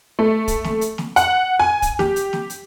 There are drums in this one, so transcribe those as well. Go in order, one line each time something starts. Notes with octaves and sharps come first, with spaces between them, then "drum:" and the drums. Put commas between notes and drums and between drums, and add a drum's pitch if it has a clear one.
A3
drum: kick, hi-hat
drum: snare
drum: hi-hat
drum: snare
F#5, drum: hi-hat
G#5
drum: kick, hi-hat
G4, drum: snare
drum: hi-hat
drum: snare
drum: hi-hat